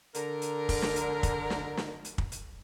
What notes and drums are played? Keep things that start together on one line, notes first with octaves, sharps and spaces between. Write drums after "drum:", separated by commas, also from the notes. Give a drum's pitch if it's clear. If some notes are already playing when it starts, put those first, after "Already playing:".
D3 A#4, drum: hi-hat
drum: hi-hat
drum: kick, open hi-hat
drum: snare
drum: hi-hat
drum: kick, hi-hat
drum: snare
drum: snare
drum: hi-hat
drum: kick
drum: hi-hat